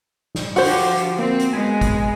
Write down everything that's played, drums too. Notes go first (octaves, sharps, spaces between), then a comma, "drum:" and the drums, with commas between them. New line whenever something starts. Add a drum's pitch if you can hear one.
drum: snare
D3 F3 F#4 G4 C5 F#5, drum: open hi-hat
drum: hi-hat
A#3 C4
drum: hi-hat
G#3 B3 G#5
drum: kick, hi-hat